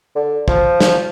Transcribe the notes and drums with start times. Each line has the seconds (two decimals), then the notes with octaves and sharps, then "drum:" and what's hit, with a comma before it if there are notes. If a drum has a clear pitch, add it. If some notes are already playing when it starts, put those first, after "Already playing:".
0.16 D3
0.48 F3, drum: kick
0.81 drum: snare